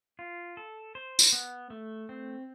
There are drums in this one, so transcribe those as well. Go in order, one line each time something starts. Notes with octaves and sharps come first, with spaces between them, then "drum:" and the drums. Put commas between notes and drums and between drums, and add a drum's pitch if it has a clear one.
F4
A4
C5
drum: tambourine
B3
A3
C4